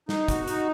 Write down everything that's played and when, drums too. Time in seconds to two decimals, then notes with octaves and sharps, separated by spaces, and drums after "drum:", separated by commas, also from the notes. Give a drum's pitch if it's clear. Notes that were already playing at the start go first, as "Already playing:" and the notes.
0.09 D#4, drum: snare
0.28 F#4, drum: kick, hi-hat
0.48 D#4, drum: hi-hat